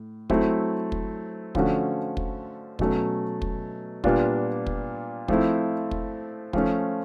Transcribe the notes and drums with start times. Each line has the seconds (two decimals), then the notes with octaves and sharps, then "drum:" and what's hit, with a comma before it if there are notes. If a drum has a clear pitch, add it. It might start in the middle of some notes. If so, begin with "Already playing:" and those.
Already playing: A2
0.30 F#3 A3 C4 E4, drum: kick
0.92 drum: kick
1.55 D3 F3 A3 C#4 F#4, drum: kick
2.17 drum: kick
2.79 B2 F#3 A3 C#4, drum: kick
3.42 drum: kick
4.04 A#2 G3 B3 D4 F4, drum: kick
4.66 drum: kick
5.28 F3 A3 C4 E4, drum: kick
5.91 drum: kick
6.53 F3 A3 C#4, drum: kick